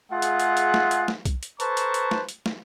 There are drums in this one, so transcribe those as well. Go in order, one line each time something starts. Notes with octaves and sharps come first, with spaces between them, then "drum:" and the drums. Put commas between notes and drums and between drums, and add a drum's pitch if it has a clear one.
G#3 F4 G#4 E5 F#5
drum: hi-hat
drum: hi-hat
drum: hi-hat
drum: snare
drum: hi-hat
drum: snare
drum: kick B1, hi-hat
drum: hi-hat
A4 B4 C5 A5 A#5 C#6, drum: hi-hat
drum: hi-hat
drum: hi-hat
drum: snare
drum: hi-hat
drum: snare